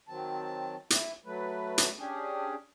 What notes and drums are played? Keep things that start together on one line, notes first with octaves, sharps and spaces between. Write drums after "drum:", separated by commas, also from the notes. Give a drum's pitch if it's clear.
D#3 F#3 C4 A5
E4, drum: hi-hat
F#3 A3 B4
drum: hi-hat
C#4 D4 G4 G#4